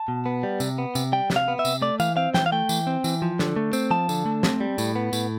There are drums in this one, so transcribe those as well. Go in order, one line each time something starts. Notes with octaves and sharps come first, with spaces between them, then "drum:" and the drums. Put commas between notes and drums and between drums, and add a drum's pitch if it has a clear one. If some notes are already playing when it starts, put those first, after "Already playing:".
Already playing: A5
B2
B3
G3
C3, drum: tambourine
B3
C3, drum: tambourine
G3 G5
C3, drum: snare
F5
B3
E5
C3, drum: tambourine
A3 D5
E3 F5, drum: tambourine
C4 F5
E3 G5, drum: snare
F5
A3 G5
E3, drum: tambourine
C4
E3, drum: tambourine
F3
D3, drum: snare
A3
C4, drum: tambourine
F3 A5
D3, drum: tambourine
A3
C4, drum: snare
G3
A2, drum: tambourine
B3
A2, drum: tambourine